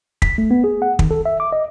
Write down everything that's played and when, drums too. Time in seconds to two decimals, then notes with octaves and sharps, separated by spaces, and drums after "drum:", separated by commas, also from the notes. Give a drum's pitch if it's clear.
0.22 B6, drum: kick
0.38 A3
0.51 B3
0.64 G#4
0.82 F#5
0.99 D#3, drum: kick
1.11 A4
1.26 E5
1.40 D6
1.52 D#5